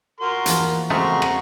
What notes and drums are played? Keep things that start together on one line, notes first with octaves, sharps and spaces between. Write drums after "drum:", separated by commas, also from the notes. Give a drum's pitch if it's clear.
F#4 A#4 C6
E2 F3 A#3, drum: hi-hat
C#3 G#3 A3 C4 F#4 A#5 C6 C#6
drum: rim click